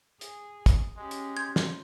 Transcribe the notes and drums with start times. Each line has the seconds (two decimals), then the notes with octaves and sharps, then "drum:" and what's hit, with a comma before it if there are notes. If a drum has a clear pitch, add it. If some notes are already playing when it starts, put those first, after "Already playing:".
0.21 G#4, drum: hi-hat
0.66 drum: kick, hi-hat
0.97 G#3 C#4 G4
1.11 drum: hi-hat
1.37 C6 G6 G#6
1.56 drum: snare